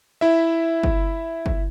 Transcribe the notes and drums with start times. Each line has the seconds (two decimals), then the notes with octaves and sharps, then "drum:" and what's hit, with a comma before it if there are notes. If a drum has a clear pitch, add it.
0.21 E4 E5
0.83 drum: kick G1
1.46 drum: kick G1